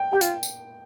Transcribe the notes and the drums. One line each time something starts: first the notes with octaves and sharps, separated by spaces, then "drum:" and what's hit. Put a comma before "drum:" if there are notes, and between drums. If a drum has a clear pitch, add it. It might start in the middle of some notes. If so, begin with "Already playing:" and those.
Already playing: G5
G4 G5
F4, drum: hi-hat
drum: tambourine